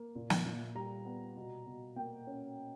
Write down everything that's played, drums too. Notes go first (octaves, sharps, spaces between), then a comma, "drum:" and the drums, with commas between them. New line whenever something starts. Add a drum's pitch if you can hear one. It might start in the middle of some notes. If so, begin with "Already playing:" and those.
Already playing: A#3
A#2
drum: snare
A#2
G3 A#5
B3
B2
B2
A#3 G5
C#4